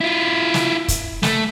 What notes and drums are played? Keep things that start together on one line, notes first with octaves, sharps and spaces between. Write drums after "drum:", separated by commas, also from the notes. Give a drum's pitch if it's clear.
E4 F4
drum: snare
drum: kick, hi-hat
A3, drum: snare